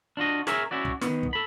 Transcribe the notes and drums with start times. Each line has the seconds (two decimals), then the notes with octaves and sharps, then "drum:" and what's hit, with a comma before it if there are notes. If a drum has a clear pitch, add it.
0.17 D4 F4 F#4 D#5
0.47 G#4 A#4 C#5 E5, drum: snare
0.71 C#4 E4 F#4 D5
0.85 drum: kick
1.01 D#3 E3 B3, drum: snare
1.23 drum: kick
1.33 A4 B5